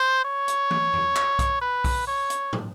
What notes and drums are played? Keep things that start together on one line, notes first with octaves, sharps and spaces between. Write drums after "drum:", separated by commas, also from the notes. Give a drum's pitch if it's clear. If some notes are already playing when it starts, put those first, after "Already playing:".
Already playing: C5
C#5
drum: hi-hat
drum: tom
drum: tom E2
drum: clap
drum: kick B1, hi-hat
B4
drum: kick B1, open hi-hat
C#5
drum: hi-hat
drum: tom